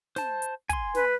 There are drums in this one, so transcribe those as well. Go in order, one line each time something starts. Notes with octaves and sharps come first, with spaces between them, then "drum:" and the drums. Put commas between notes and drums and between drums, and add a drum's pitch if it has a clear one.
C5 A5, drum: snare
drum: hi-hat
G#5 C6, drum: kick, hi-hat
B4, drum: snare